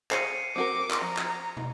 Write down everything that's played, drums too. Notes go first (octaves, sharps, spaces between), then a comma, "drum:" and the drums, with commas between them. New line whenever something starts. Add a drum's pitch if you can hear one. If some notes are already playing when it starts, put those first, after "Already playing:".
G#4 C5 F5 C7 C#7 D#7, drum: clap
C4 F#4 A#4 D6
drum: clap
F3 A#5
drum: clap
drum: tom